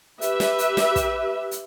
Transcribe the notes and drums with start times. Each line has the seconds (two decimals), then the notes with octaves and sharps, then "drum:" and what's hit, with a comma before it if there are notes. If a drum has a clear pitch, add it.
0.21 G4 B4 E5, drum: hi-hat
0.40 drum: snare
0.58 drum: hi-hat
0.77 drum: snare
0.96 drum: kick, hi-hat
1.51 drum: hi-hat